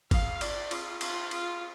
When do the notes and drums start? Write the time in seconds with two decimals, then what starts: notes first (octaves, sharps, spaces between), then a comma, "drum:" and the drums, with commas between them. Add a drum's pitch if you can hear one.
0.11 F5, drum: kick G1, cymbal
0.41 D5, drum: cymbal
0.71 F4, drum: cymbal
1.01 F4, drum: cymbal
1.31 F4, drum: cymbal